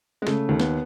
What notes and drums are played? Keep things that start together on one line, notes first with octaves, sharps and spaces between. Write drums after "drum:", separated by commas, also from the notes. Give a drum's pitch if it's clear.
G#3
C#3 A3, drum: snare
D#2
B3, drum: snare